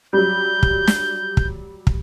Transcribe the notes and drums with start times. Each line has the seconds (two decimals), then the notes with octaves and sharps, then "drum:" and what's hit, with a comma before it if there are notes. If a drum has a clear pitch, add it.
0.13 F#3 G3 G6
0.63 drum: kick
0.87 drum: snare
1.37 drum: kick
1.87 drum: kick